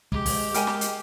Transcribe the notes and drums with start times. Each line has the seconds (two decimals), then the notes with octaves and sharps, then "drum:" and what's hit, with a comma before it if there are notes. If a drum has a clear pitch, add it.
0.12 G#3 G4, drum: kick
0.26 drum: kick, open hi-hat
0.54 G#3 A#4 G5 G#5, drum: hi-hat
0.67 drum: snare
0.81 drum: hi-hat